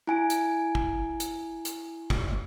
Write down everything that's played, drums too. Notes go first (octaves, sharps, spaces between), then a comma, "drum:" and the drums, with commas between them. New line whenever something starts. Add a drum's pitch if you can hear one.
E4 G#5 D7
drum: hi-hat
drum: kick
drum: hi-hat
drum: hi-hat
drum: kick